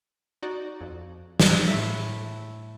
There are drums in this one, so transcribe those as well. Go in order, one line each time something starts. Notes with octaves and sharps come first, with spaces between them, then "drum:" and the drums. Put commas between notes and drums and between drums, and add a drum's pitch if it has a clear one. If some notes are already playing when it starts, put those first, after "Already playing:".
D#4 F#4 D5
F2
drum: snare
A2 A3 E5